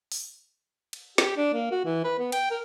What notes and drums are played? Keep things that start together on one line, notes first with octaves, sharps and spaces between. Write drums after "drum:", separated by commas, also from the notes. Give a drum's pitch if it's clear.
drum: open hi-hat
drum: cymbal
G4, drum: snare
D4
A#3
F#4
E3
B4
B3
G5, drum: cymbal
A#4